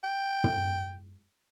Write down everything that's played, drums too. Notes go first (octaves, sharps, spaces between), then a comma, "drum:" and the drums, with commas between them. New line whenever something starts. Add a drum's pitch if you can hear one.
G5
drum: tom